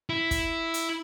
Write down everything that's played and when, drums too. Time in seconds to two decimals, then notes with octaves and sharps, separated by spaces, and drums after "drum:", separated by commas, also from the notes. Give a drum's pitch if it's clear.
0.10 E4
0.31 drum: kick, hi-hat
0.74 drum: hi-hat